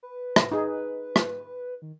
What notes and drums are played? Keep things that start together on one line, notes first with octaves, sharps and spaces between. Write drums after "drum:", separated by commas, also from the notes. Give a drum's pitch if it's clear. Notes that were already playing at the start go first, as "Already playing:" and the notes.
B4
drum: rim click
D#4 G#4
drum: rim click
D#3